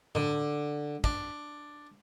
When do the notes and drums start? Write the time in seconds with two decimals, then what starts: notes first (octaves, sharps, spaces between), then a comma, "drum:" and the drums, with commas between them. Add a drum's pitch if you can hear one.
0.15 D3, drum: tom A2
1.04 D4, drum: kick